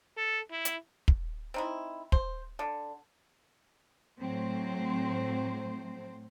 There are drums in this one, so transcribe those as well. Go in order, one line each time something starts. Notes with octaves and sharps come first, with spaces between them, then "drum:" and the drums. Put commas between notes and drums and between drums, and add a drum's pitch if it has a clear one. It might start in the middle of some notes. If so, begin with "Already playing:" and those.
A4
E4
drum: hi-hat
drum: kick
C4 D#4 E4
C5, drum: kick
D3
A2 F#3 C4 C5